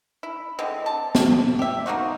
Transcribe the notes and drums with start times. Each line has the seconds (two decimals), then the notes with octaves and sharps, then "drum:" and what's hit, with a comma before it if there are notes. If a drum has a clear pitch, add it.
0.23 E4
0.59 D3 G#3 C4
0.86 A5
1.15 drum: snare
1.59 G4 E5
1.86 A#3 D#4 F#4 C5